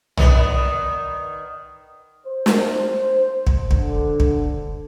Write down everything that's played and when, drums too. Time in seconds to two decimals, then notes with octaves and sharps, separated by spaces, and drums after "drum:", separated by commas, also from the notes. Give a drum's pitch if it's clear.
0.17 D#3 B3 D5, drum: tom
2.27 C5
2.46 drum: snare
3.47 drum: kick
3.71 D3, drum: kick
4.20 drum: kick